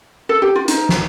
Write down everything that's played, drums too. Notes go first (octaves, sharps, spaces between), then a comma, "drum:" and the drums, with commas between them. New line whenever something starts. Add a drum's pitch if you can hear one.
A4
G4
F4
D#4, drum: hi-hat
drum: snare